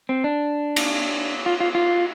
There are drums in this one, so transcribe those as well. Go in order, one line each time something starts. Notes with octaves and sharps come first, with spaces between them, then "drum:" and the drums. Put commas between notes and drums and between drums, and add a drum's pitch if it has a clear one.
C4
D4
drum: cymbal
F4
F4
F4